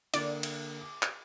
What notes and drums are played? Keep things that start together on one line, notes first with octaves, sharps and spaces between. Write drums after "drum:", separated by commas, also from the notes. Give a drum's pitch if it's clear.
D3 A#3 D5, drum: cymbal
drum: cymbal
D6
drum: clap